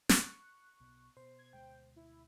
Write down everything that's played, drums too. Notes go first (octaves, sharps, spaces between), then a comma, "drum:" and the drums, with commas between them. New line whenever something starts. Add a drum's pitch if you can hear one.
C#6 F#6, drum: snare
B1 B2
B2 C5
G#6
D2 B2 G#3 G5
E4